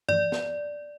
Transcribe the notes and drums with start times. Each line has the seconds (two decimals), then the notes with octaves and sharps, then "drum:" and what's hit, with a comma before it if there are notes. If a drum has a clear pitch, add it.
0.09 D5, drum: tom G2
0.32 drum: snare